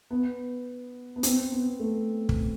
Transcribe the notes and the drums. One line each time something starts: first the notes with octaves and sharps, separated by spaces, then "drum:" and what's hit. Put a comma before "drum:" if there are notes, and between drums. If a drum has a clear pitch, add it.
B3
B3
C4, drum: hi-hat
B3
A3
drum: kick